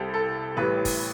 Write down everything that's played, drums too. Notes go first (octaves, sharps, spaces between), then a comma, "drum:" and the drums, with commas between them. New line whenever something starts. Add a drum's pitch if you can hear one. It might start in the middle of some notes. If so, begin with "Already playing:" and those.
Already playing: C2 C3 G3 A4
A4
A1 A2 G3 B4
drum: kick, open hi-hat